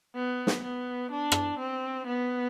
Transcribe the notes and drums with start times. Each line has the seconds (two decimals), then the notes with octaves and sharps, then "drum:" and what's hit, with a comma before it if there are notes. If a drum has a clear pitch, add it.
0.16 B3
0.47 drum: snare
0.63 B3
1.11 D4
1.32 drum: rim click
1.59 C4
2.07 B3